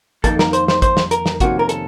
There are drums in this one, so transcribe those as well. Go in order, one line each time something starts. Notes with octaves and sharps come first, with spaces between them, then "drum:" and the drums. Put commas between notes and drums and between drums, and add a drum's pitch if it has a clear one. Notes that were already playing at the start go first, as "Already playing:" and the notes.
F2 D#3 A#3 D#4 A4, drum: kick, hi-hat
A#4, drum: snare
C5, drum: hi-hat
C5, drum: snare
C5, drum: kick, hi-hat
drum: snare
A#4, drum: hi-hat
drum: snare
F2 C3 D#3 A#3 C#4 F#4, drum: kick, hi-hat
A#4
A4, drum: hi-hat